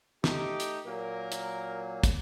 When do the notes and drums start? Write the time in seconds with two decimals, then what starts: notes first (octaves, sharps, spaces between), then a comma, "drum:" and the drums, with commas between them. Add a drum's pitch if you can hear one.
0.24 A3 D#4 G4, drum: snare
0.60 drum: hi-hat
0.86 A#2 F#3 A#3 A#4
1.32 drum: hi-hat
2.04 drum: kick, hi-hat